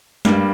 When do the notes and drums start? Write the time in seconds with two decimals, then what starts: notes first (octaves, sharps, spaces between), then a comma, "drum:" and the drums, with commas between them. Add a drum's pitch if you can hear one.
0.25 G2 G3 A#3, drum: snare